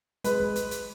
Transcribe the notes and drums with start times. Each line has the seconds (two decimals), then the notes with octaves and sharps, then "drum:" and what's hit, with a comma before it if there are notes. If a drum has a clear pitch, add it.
0.24 G#3 B4, drum: hi-hat
0.40 drum: kick
0.56 drum: hi-hat
0.71 drum: hi-hat